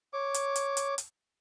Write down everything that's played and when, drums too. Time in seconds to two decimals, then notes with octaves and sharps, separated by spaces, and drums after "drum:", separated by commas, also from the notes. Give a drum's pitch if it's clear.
0.13 C#5 D6
0.34 drum: hi-hat
0.56 drum: hi-hat
0.77 drum: hi-hat
0.98 drum: hi-hat